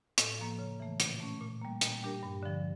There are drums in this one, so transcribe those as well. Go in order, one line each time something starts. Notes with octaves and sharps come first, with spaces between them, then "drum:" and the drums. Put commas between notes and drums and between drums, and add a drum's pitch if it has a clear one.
A2, drum: hi-hat
F3 A#3
C#3
E3 A3
A#2, drum: hi-hat
A3 C#4
A#2
G3 A#3
A#2, drum: hi-hat
G3 D4 G4 A#4
G2
D3 F3